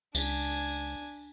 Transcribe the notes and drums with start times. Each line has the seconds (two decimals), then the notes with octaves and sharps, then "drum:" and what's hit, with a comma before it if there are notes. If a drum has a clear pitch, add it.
0.15 C#2 D4 G#5, drum: tambourine